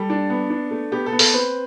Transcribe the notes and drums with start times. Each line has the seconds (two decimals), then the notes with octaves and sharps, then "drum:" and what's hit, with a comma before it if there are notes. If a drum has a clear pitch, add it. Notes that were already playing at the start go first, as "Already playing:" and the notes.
Already playing: G3 A4
0.10 D4
0.30 B3
0.50 D4
0.71 A3
0.92 B3 G4
1.06 A4
1.13 B3
1.19 A4, drum: open hi-hat
1.34 C4 B4